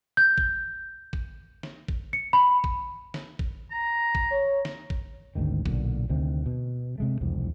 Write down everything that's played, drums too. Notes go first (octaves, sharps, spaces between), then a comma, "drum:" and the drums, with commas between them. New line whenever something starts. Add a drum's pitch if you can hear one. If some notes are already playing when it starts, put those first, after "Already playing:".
G6
drum: kick
drum: kick
drum: snare
drum: kick
C#7
B5
drum: kick
drum: snare
drum: kick
A#5
drum: kick
C#5
drum: snare
drum: kick
G#1 D2 G#2 D#3
B1 A#2 D3, drum: kick
D2 C3 D#3
B2
C3 G#3 A3
E1 C2 F2